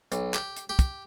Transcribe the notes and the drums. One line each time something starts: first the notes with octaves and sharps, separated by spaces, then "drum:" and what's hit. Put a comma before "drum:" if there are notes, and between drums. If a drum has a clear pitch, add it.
B1, drum: hi-hat
G4, drum: clap
drum: hi-hat
G4
drum: kick, hi-hat